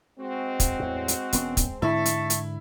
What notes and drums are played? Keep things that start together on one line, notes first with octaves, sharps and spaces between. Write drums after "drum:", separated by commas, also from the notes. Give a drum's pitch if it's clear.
G#3 C4 F#4
drum: kick, hi-hat
E2 A2
drum: hi-hat
E1 B3 C#4, drum: hi-hat
drum: kick, hi-hat
G#2 D3 E4 E5 A5 C#6
drum: hi-hat
drum: hi-hat